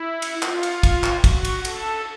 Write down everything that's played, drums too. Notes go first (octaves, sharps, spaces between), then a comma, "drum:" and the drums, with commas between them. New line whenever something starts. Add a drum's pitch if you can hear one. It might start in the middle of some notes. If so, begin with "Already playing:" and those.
Already playing: E4
drum: cymbal
F4, drum: clap
drum: cymbal
drum: kick, cymbal
drum: clap
F#4, drum: kick, cymbal
drum: cymbal
A4, drum: cymbal